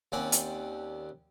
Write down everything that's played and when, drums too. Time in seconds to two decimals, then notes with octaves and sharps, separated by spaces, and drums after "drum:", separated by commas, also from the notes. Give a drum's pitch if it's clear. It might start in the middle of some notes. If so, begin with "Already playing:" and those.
0.12 D#2 C4 C#4 D5 F#5
0.32 drum: hi-hat